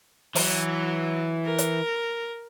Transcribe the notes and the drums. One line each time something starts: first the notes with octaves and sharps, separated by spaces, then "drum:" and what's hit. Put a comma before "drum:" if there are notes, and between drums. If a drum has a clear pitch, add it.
E3 F#3, drum: open hi-hat
A#4
drum: hi-hat